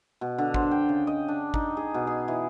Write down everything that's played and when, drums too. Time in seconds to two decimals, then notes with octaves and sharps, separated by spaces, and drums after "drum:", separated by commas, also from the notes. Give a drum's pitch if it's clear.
0.21 B2
0.38 D3
0.54 C5, drum: kick
0.71 G5
0.89 C#3
1.07 D#5
1.28 D4
1.54 D#4, drum: kick
1.77 G#4
1.94 B2
2.07 G#4
2.28 E3